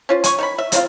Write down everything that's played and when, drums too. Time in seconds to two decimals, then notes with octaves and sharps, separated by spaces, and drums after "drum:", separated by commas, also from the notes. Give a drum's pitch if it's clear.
0.09 C#4 F4 C5
0.24 G#5 C#6, drum: hi-hat
0.39 D#3 C#4 B5
0.58 E5
0.72 C#3 A#3 C4 F4, drum: hi-hat